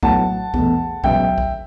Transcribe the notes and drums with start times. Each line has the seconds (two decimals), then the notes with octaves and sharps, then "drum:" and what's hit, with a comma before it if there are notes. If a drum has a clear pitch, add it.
0.03 A2 F#3 B3 F#5 A5, drum: kick A#1
0.54 E2 B2 A3, drum: kick A#1
1.04 C#2 B2 F#3 B3 E5 G5, drum: kick A#1
1.38 drum: kick A#1